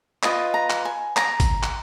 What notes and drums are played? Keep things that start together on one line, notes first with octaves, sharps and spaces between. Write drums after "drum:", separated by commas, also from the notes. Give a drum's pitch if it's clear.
F4 B4 D#5 B5, drum: clap
A#5
drum: clap
G#5
A#5, drum: clap
drum: kick, hi-hat
drum: clap